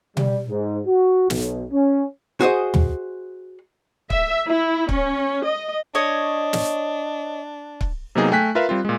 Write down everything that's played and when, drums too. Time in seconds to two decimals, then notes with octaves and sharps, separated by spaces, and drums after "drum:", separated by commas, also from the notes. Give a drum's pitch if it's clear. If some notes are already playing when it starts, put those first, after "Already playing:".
0.17 G3, drum: tom B2
0.49 G#2
0.86 F#4
1.30 B1, drum: snare
1.72 C#4
2.41 F#4 G#4 C5 D#5
2.74 drum: tom
4.10 E5, drum: kick C#1
4.47 E4
4.89 C#4, drum: kick C#1
5.43 D#5
5.95 D4 C#5 D#5
6.53 drum: snare
7.81 drum: kick C#1
8.15 C3 F#3 A#3 B3 D#4 G#4
8.32 A3 G5 G#5 F#6 B6
8.55 F4 A#4 B4 E5 F5
8.69 G3 C4 F4
8.85 A#2 G#3